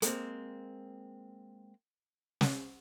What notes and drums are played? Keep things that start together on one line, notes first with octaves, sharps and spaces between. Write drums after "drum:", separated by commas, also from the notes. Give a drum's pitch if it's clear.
G#3 A#3 C4, drum: hi-hat
drum: snare